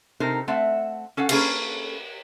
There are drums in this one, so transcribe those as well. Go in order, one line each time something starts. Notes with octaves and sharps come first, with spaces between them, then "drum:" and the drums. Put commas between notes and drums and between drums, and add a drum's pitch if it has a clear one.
C3 C4 D#4 A4 A#4
A3 C4 E5 F#5
C#4 A4 F5 F#5
A#3 C#4 G#4 A4 B4 F5, drum: cymbal